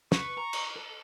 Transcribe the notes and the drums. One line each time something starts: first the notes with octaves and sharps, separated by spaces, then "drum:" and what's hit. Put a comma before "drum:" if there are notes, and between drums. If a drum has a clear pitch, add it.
B4 C#6, drum: snare
A#5
drum: cymbal
A4